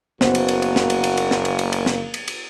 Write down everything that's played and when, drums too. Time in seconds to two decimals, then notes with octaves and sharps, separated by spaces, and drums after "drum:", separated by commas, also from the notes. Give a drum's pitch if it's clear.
0.21 F#1 A#3 B3 F#4 C5, drum: snare
0.35 drum: cymbal
0.48 drum: cymbal
0.62 drum: cymbal
0.76 drum: snare
0.90 drum: cymbal
1.04 drum: cymbal
1.17 drum: cymbal
1.31 drum: snare
1.45 drum: cymbal
1.59 drum: cymbal
1.72 drum: cymbal
1.86 drum: snare
2.14 drum: cymbal
2.28 drum: cymbal